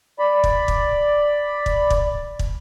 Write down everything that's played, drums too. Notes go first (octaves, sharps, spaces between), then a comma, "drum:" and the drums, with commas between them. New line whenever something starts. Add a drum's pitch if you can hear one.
D5 B5
drum: kick
drum: kick
drum: kick
drum: kick
drum: kick